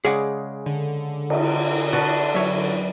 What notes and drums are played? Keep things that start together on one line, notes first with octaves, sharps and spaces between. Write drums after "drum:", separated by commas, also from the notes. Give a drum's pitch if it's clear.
C#3 G#3 G#4 D5 F#5, drum: hi-hat
D3
drum: cymbal
D4 F#4 B4
F#2 C#5 E5